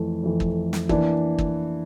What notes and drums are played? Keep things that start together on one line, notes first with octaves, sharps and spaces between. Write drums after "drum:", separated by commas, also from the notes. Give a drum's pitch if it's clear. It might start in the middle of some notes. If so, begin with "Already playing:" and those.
Already playing: F2 E3 A3
F2 E3 A3
drum: kick
drum: snare
E3 A#3 D4, drum: kick
drum: kick